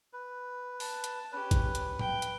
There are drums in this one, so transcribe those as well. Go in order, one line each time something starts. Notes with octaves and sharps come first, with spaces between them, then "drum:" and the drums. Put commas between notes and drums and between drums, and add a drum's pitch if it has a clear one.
B4
A5, drum: open hi-hat
drum: hi-hat
C#4 G4 B4
drum: kick G#1, hi-hat
drum: hi-hat
G5, drum: tom A2
drum: hi-hat